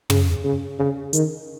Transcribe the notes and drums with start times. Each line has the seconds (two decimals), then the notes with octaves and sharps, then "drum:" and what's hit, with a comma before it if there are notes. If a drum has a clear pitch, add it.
0.10 C#3, drum: tom
0.44 C#3
0.79 C#3
1.13 D#3, drum: hi-hat